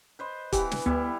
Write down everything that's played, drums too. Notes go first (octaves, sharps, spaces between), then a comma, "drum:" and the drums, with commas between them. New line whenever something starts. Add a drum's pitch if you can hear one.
B4 C5 D#5
E3 B3 G4, drum: kick, hi-hat
drum: snare
D2 G3 B3 E4